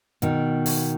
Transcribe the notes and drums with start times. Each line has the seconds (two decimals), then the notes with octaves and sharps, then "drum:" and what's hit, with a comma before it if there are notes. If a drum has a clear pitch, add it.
0.22 B2 D#3, drum: hi-hat
0.66 drum: open hi-hat